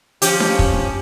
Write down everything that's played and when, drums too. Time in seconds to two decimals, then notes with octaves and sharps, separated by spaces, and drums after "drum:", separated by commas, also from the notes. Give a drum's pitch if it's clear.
0.22 F3 C#4 G4, drum: hi-hat
0.40 drum: snare D4
0.59 drum: kick